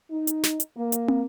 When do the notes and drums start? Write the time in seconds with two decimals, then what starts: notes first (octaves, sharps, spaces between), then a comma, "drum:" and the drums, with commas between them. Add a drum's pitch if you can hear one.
0.11 D#4
0.27 drum: hi-hat
0.43 drum: snare
0.60 drum: hi-hat
0.76 A#3
0.92 drum: hi-hat
1.08 drum: tom